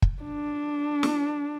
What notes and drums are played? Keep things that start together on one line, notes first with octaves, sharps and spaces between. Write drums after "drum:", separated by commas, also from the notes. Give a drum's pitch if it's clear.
drum: kick
D4
drum: snare